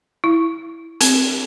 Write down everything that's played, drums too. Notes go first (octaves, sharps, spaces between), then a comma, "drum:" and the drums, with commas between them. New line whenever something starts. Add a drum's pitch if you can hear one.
E4
C4, drum: hi-hat